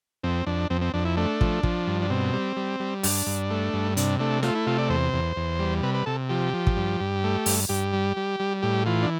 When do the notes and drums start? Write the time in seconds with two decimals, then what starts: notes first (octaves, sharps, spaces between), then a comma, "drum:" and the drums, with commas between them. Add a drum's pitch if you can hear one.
0.24 F2 C4
0.46 F2 D4
0.70 F2 C4
0.81 C4
0.94 F2 D4
1.05 E4
1.17 A3 D4
1.41 F3, drum: kick
1.63 F3, drum: kick
1.87 G2
2.02 D4
2.10 B2 C4
2.33 G3
2.57 G3
2.80 G3
3.03 G2 D4, drum: open hi-hat
3.27 G2
3.50 A3
3.73 G2
3.97 C3 D4, drum: hi-hat
4.19 A3 D4
4.43 A3 F4, drum: snare
4.55 E4
4.67 C3 F4
4.78 D5
4.89 E2 C5
5.13 E2
5.36 E2
5.59 G3
5.83 C3 B4
5.94 B4
6.06 C3 A4
6.29 F3 G4
6.54 F3
6.67 drum: kick
6.77 G2
7.00 G2
7.24 A3
7.46 G2, drum: open hi-hat
7.69 G2 G4
7.93 G3
8.17 G3
8.40 G3
8.62 A2 G4
8.86 E3 F4
9.03 D4